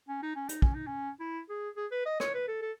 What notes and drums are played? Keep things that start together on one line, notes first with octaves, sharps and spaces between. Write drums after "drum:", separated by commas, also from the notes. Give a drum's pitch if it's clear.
C#4
D#4
C#4
D#4, drum: hi-hat
C#4, drum: kick
D#4
C#4
E4
G#4
G#4
B4
D#5
C#5, drum: rim click
B4
A4
A4